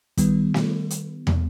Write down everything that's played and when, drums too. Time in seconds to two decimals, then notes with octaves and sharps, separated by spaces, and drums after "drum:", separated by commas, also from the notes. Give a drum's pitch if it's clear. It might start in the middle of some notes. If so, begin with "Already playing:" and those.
0.18 D#3 G3 B3, drum: kick, hi-hat
0.54 drum: snare
0.90 drum: hi-hat
1.27 drum: tom